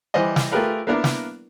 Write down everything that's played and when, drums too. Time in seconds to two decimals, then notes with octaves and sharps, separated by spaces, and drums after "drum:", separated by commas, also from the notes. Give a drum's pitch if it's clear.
0.14 E3 G3 C5 D#5
0.36 drum: snare
0.52 A3 F4 G4 G#4 A#4 B4
0.87 A#3 B3 D4 E4 A#4
1.04 drum: snare